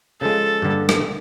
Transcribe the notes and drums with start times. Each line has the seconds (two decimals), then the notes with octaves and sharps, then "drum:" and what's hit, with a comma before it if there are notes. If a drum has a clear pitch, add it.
0.21 C#3 F3 G#3 A4
0.62 G2 D3 G3 A#3
0.89 drum: rim click